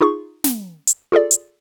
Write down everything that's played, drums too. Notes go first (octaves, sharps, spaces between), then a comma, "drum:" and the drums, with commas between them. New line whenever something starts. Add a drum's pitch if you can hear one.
D#4 F4 G#4 C#6
drum: snare
drum: hi-hat
F4 G#4 A4 D5
drum: hi-hat